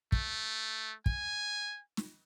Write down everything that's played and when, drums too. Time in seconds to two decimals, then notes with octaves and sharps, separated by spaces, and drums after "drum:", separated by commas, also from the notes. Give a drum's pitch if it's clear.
0.12 A3, drum: kick
1.06 G#5, drum: kick
1.97 drum: snare